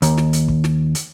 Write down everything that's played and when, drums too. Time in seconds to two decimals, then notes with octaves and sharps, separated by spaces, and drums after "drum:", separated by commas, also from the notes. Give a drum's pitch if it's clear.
0.02 D#2, drum: hi-hat
0.18 drum: snare
0.33 drum: hi-hat
0.48 drum: kick
0.64 drum: snare
0.95 drum: hi-hat